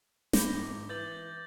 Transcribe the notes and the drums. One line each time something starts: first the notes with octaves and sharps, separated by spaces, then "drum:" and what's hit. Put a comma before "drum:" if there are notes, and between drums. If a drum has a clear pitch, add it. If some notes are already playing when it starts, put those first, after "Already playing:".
B5 D6 G6 A#6 C#7 G7, drum: snare
G#1
E3 G6 A6 F#7